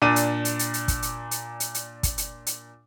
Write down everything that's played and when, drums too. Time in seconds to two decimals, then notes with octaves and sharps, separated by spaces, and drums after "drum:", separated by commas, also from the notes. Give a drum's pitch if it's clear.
0.02 A#2 D4 D#7
0.16 drum: hi-hat
0.45 drum: hi-hat
0.59 drum: hi-hat
0.74 drum: hi-hat
0.88 drum: kick, hi-hat
1.02 drum: hi-hat
1.31 drum: hi-hat
1.60 drum: hi-hat
1.74 drum: hi-hat
2.03 drum: kick, hi-hat
2.18 drum: hi-hat
2.46 drum: hi-hat